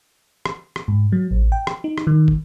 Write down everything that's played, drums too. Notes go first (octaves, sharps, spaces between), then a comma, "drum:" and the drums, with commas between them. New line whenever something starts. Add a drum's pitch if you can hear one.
drum: rim click
drum: rim click
G#2
F#3
A1
G5
drum: rim click
D#4
drum: rim click
D#3
drum: kick